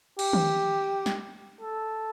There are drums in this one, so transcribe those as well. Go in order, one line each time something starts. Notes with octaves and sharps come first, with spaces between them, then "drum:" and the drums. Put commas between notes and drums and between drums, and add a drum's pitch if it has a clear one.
G4, drum: cymbal
drum: tom D#3
drum: snare
A4